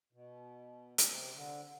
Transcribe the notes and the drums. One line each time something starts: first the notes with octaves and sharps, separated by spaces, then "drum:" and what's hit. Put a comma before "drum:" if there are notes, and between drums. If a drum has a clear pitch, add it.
B2
C#3, drum: hi-hat
C3
D3